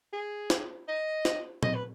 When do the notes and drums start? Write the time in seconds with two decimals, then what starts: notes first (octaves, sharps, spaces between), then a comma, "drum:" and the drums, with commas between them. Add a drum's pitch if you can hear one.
0.13 G#4
0.50 drum: snare
0.88 D#5
1.25 drum: snare
1.63 D#5, drum: tom
1.75 B4